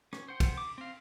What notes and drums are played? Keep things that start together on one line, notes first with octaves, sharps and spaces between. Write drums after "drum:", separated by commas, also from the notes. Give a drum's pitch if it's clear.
C#4, drum: rim click
C5 F#5 G5
drum: kick, cymbal
D6
C4 F5